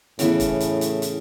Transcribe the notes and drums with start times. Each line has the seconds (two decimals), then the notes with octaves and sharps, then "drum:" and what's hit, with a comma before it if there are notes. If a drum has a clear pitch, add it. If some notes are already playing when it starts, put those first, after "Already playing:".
0.19 A2 C#3 E3 B3, drum: hi-hat
0.40 drum: kick, hi-hat
0.60 drum: hi-hat
0.81 drum: hi-hat
1.02 drum: hi-hat